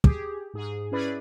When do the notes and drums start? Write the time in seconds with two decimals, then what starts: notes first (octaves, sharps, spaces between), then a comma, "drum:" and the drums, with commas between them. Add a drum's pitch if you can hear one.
0.04 G4 G#4, drum: kick
0.54 G#2 G#4
0.92 C#4 E4 G#4 B4 D5 B5